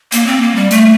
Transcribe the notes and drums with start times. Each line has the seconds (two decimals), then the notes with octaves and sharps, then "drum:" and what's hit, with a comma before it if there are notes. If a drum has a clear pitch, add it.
0.12 A#3, drum: hi-hat
0.27 C4
0.41 A#3
0.56 G3
0.71 A3, drum: hi-hat